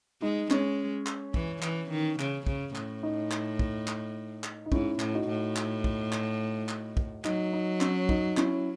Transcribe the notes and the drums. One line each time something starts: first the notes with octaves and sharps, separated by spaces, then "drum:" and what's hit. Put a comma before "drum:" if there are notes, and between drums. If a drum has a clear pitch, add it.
G#3 D#4
G#3 C#4, drum: clap
drum: clap
E3, drum: kick
E3, drum: clap
D#3
C#3, drum: clap
C#3, drum: kick
A2, drum: clap
D#4
drum: clap
drum: kick
drum: clap
drum: clap
D#4
G#2 C#4 E4, drum: kick
A2, drum: clap
D#4 F#4
A2
drum: clap
drum: kick
drum: clap
drum: clap
drum: kick
F#3 D#4, drum: clap
D#4
C#4, drum: clap
D#4, drum: kick
C#4 E4, drum: clap